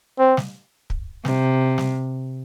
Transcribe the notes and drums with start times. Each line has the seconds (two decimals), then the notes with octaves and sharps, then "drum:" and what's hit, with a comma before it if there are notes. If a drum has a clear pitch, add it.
0.19 C4
0.37 drum: snare
0.90 drum: kick
1.25 C3, drum: snare
1.78 drum: snare